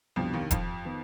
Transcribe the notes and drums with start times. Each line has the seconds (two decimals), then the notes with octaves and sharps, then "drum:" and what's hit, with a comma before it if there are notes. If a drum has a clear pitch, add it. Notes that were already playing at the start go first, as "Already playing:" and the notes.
0.16 C2 F2 B2 F3 B3 D4 G4
0.34 D#2 D#3
0.51 F2 F3, drum: kick E1, hi-hat
0.85 D#3 B3